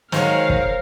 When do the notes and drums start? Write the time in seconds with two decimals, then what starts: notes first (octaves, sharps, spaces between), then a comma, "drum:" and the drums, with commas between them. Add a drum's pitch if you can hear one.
0.12 D#3 F#3 G#3 A#4 C5 C#5 F5, drum: snare
0.50 drum: kick